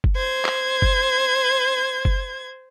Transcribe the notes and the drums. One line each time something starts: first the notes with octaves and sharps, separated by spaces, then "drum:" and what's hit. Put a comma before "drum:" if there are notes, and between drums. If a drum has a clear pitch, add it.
drum: kick F#1
C5 G#6
drum: clap
drum: kick F#1
drum: kick F#1